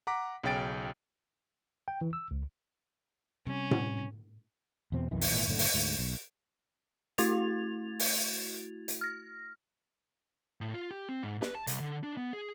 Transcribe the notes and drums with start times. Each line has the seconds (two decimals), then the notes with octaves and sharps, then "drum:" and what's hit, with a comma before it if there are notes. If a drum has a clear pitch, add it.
0.07 F#5 A#5 D6 B6
0.44 B1 C#3 C#4 G5 A6 D7
1.88 G5
2.01 E3
2.13 E6
2.31 C#2
3.47 C3 G3 C#4
3.71 drum: tom A2
4.92 E2 B2 C4
5.11 B1 F2 D#3 E3
5.21 drum: open hi-hat
5.31 G#1 A#2 E3
5.48 F#1 A2 D3
5.59 drum: open hi-hat
5.74 D2 G#2
5.99 B1
7.18 A3 E4 F#4 G#6 A6 F7, drum: hi-hat
7.99 drum: open hi-hat
8.88 drum: hi-hat
9.01 F6 A#6
10.61 A2
10.74 F4
10.91 G4
11.09 C4
11.23 G#2
11.42 B4, drum: snare
11.55 A5
11.67 C2, drum: hi-hat
11.80 D3
12.03 D4
12.17 B3
12.33 G#4